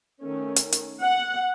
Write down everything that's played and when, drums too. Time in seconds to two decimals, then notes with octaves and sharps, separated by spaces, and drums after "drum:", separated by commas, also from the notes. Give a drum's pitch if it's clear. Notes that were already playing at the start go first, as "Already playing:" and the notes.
0.21 D#3 A3 C#4
0.56 drum: hi-hat
0.72 drum: hi-hat
1.02 F#5